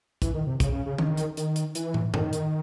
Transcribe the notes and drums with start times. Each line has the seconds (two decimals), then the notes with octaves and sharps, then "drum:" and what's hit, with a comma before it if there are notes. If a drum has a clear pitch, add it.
0.22 E3, drum: kick, hi-hat
0.34 D#3
0.47 C3
0.60 C#3, drum: kick, hi-hat
0.72 C#3
0.86 C#3
0.98 D#3, drum: tom E3
1.17 drum: hi-hat
1.37 D#3, drum: hi-hat
1.56 drum: hi-hat
1.75 E3, drum: hi-hat
1.94 drum: tom
2.14 D#3, drum: tom G#2
2.33 drum: hi-hat